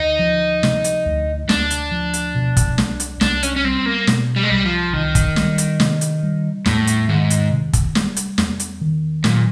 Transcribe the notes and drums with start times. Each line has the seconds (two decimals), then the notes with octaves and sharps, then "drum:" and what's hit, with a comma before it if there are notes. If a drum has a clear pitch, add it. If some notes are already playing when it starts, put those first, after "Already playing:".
Already playing: D2 D#4
0.19 F3
0.63 C3, drum: snare
0.84 drum: hi-hat
1.06 D2
1.49 D2 D4, drum: snare
1.70 drum: hi-hat
1.91 F3
2.14 drum: hi-hat
2.35 B2
2.57 drum: kick, hi-hat
2.78 C2, drum: snare
3.00 drum: hi-hat
3.21 C2 D4, drum: snare
3.43 C#4, drum: hi-hat
3.56 C#4
3.64 G3 C4
3.86 A#3
4.07 B2, drum: snare
4.36 G3
4.43 G#3
4.50 C2 G3
4.65 F3
4.93 C2 D#3
5.15 drum: kick, hi-hat
5.36 G3, drum: snare
5.58 drum: hi-hat
5.80 C3, drum: snare
6.01 drum: hi-hat
6.23 G3
6.66 E2 A2, drum: snare
6.87 drum: hi-hat
7.09 G#2 D#3
7.30 drum: hi-hat
7.51 C3
7.73 drum: kick, hi-hat
7.95 G3, drum: snare
8.16 drum: hi-hat
8.38 E2, drum: snare
8.60 drum: hi-hat
8.81 D#3
9.24 A#2 F#3, drum: snare